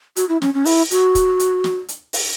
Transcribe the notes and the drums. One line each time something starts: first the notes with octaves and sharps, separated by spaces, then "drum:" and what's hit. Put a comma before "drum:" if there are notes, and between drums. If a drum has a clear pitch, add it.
F#4, drum: hi-hat
E4
C#4, drum: snare
C#4
E4, drum: open hi-hat
F#4, drum: hi-hat
drum: kick, hi-hat
drum: hi-hat
drum: snare
drum: hi-hat
drum: open hi-hat